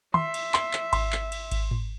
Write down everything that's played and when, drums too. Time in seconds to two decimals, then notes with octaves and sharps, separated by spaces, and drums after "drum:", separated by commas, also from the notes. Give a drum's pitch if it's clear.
0.14 E5 C6, drum: tom
0.34 drum: cymbal
0.54 C6, drum: clap
0.73 drum: clap
0.93 C6, drum: kick G#1, cymbal
1.12 drum: clap
1.32 drum: cymbal
1.51 drum: kick G#1, cymbal
1.71 drum: tom G#2